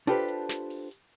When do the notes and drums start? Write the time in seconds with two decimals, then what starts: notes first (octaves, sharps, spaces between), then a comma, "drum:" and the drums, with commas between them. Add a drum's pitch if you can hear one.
0.07 D4 F4 G4 A4 B4 C5, drum: hi-hat
0.28 drum: hi-hat
0.49 drum: snare
0.70 drum: open hi-hat
0.91 drum: hi-hat